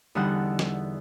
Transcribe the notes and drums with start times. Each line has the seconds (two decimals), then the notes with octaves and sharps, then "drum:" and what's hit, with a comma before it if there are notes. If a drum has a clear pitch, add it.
0.15 E2 D3 G3 D#4 F#5
0.59 drum: snare